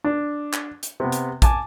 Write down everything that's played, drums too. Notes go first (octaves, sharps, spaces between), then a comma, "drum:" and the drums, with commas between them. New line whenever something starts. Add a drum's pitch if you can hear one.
D4
drum: clap
drum: hi-hat
C3 B3
drum: hi-hat
G#5 A5 D6, drum: kick, hi-hat